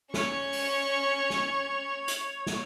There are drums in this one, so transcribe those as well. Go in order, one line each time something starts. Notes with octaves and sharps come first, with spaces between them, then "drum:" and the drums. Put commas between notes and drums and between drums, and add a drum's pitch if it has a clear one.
C#4 C#5 C#6, drum: snare
drum: open hi-hat
drum: snare
drum: hi-hat
drum: snare